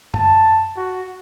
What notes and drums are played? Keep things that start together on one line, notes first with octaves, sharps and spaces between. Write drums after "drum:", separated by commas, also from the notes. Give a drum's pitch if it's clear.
A5, drum: tom F#2
F#4